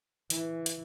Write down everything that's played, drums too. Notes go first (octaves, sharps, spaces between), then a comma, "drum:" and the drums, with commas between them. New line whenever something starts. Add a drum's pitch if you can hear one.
E3, drum: hi-hat
drum: hi-hat